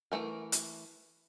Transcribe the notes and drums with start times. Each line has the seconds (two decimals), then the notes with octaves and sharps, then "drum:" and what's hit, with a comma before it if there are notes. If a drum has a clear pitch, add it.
0.12 E3 F3 A3 A#4
0.52 drum: hi-hat